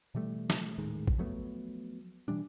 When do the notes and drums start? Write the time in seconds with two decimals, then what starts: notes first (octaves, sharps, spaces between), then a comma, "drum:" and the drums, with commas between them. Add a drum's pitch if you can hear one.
0.15 B2 E3 G3 A3
0.50 drum: snare
0.78 D#1 A2 D#3 G#3
1.07 drum: kick
1.18 F3 F#3 A3 B3
2.28 B2 E3 G3 D4